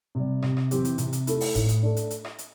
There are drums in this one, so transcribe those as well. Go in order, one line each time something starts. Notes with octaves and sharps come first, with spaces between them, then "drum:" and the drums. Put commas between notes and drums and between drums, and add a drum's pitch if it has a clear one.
C3 G3
C3, drum: rim click
drum: rim click
E3 C4 G4, drum: hi-hat
drum: hi-hat
C3, drum: hi-hat
drum: hi-hat
A3 E4, drum: hi-hat
drum: open hi-hat
A2, drum: kick E1, hi-hat
drum: hi-hat
A3 D4
drum: hi-hat
drum: hi-hat
drum: rim click
drum: hi-hat